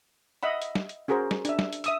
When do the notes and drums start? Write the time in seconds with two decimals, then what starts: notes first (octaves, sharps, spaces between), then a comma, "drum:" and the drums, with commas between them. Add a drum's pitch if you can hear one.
0.43 D#5 E5 F#5 B5
0.62 drum: hi-hat
0.75 drum: snare
0.89 drum: hi-hat
1.08 C#4 F#4 G#4 A#4 C5
1.31 drum: snare
1.45 D4 E5, drum: hi-hat
1.59 drum: snare
1.73 drum: hi-hat
1.84 E5 D#6 E6, drum: hi-hat